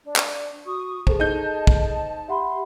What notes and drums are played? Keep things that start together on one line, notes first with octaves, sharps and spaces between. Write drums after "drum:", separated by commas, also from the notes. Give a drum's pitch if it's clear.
D4
drum: clap
F#4 C#6 D#6
G#4 A4 C5 A5, drum: kick
D#4 D#5 G6
drum: kick
G4 E5 F#5 B5 C6